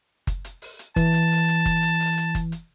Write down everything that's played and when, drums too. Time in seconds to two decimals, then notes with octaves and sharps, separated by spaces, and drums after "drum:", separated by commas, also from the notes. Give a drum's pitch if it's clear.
0.27 drum: kick F#1, hi-hat
0.45 drum: hi-hat
0.62 drum: open hi-hat
0.79 drum: hi-hat
0.96 E3 A5, drum: kick F#1, hi-hat
1.14 drum: hi-hat
1.31 drum: open hi-hat
1.48 drum: hi-hat
1.66 drum: kick F#1, hi-hat
1.83 drum: hi-hat
2.00 drum: open hi-hat
2.17 drum: hi-hat
2.35 drum: kick F#1, hi-hat
2.52 drum: hi-hat